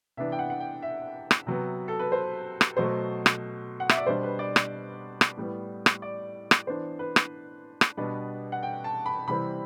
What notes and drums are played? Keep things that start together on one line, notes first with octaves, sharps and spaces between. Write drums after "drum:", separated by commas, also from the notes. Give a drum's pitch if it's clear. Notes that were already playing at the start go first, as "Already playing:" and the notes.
C3 E3 B3 D4 E5
G5
F#5
F#5
G5
E5
drum: rim click
C3 F#3 B3
A4
B4
C5
drum: rim click
B2 F#3 A3 C5
drum: rim click
F#5
E5, drum: rim click
D5
B2 G3 D4 C5
B4
D5
drum: rim click
drum: rim click
A2 G3 B3
drum: rim click
D5
drum: rim click
E3 B3 D4 C5
B4
drum: rim click
drum: rim click
B2 G3 B3 D4 B4
F#5
G5
A5
B5
C3 E3 G3 C4 B5